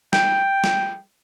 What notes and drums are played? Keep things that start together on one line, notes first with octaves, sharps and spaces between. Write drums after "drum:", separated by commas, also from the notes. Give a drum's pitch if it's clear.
G5, drum: snare
drum: snare